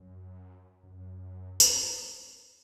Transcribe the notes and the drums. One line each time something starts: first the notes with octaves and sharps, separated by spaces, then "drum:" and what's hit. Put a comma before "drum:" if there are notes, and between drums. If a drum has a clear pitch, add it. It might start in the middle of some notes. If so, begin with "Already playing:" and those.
Already playing: F#2
F#2
drum: tambourine